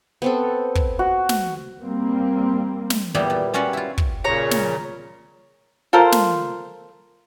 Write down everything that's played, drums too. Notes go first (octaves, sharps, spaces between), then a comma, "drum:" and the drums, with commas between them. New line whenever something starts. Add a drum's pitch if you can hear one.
B3 C4 A4
drum: kick
F#4
drum: snare
G3 A#3 C4
drum: snare
E2 A#2 G3 B3 E4
A#2
G3 C#4 F4 F#4 B4
E4 F4
drum: kick
A#2 C#3 C#5 A#5
drum: snare
F4 A4 A#4 C5
drum: snare